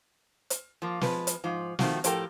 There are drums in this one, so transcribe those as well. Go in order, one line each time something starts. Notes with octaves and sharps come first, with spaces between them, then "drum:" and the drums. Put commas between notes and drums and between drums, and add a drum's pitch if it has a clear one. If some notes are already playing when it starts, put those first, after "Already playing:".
drum: hi-hat
F3 A#3
F3 G#3 B4, drum: snare
drum: hi-hat
G#2 F3
D#3 F3 A3 C4 F#4, drum: snare
A2 F3 G4 A4 A#4 G5, drum: hi-hat